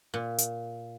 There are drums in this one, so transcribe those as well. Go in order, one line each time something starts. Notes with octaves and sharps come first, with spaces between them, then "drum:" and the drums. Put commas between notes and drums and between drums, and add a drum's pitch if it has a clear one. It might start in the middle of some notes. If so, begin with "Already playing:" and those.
A#2
drum: hi-hat